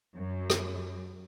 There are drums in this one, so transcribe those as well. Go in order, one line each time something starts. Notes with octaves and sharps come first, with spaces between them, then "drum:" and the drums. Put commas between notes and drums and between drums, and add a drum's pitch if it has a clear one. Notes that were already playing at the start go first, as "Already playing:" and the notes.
F#2
drum: rim click